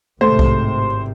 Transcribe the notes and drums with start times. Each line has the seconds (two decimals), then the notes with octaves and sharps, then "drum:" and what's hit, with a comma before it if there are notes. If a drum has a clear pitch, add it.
0.21 G#1 A2 C3 A3 C5
0.39 drum: kick B1